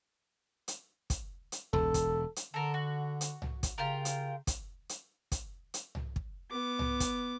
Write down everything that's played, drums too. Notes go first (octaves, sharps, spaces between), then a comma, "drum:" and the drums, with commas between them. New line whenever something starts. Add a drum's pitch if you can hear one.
drum: hi-hat
drum: kick, hi-hat
drum: hi-hat
E1 A4, drum: tom C2
drum: kick, hi-hat
drum: hi-hat
D3 A4 A#4
F#4
drum: hi-hat
drum: tom C2
drum: kick, hi-hat
C#3 F4 G4 A#4
drum: hi-hat
drum: kick, hi-hat
drum: hi-hat
drum: kick, hi-hat
drum: hi-hat
drum: tom C2
drum: kick
B3 D6
drum: tom C2
drum: kick, hi-hat